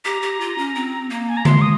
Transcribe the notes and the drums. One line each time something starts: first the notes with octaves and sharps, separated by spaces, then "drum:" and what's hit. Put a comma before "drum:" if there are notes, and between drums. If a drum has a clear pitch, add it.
G4 A#5
G4
F4
C#4
C4
A#3
G#5
A#5
G#3 C6, drum: tom D3
D#6